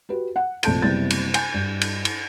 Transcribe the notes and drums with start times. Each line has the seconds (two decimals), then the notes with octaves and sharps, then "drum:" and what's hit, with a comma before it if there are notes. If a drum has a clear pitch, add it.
0.09 F#4 G4 B4
0.36 F#5
0.63 A#1 C3 A3 A5 G6 D7, drum: cymbal
0.82 F#1 C3 G3 B3 E4 A6
1.10 drum: cymbal
1.34 G#5 G6, drum: cymbal
1.54 G2
1.81 drum: cymbal
2.05 drum: cymbal